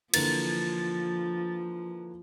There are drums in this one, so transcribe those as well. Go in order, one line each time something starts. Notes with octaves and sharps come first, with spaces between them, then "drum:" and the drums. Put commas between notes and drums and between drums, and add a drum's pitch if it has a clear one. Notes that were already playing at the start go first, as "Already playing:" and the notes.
D3 E3 F3 A#3 A6, drum: cymbal